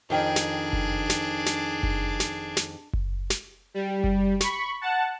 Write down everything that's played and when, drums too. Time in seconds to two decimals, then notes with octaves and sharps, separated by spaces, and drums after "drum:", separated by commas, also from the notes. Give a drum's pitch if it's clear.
0.10 F2 D#3 D4 G#4 G5
0.36 drum: snare
0.73 drum: kick F#1
1.10 drum: snare
1.46 drum: snare
1.83 drum: kick F#1
2.20 drum: snare
2.57 drum: snare
2.93 drum: kick F#1
3.30 drum: snare
3.74 G3
4.04 drum: kick F#1
4.41 B5 C#6, drum: snare
4.81 F#5 A5